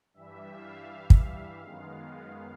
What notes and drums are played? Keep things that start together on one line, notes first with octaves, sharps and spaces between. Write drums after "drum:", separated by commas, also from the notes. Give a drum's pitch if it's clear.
G2 E3 G3 E5
F5
drum: kick
F#2 D#3 G#3 B3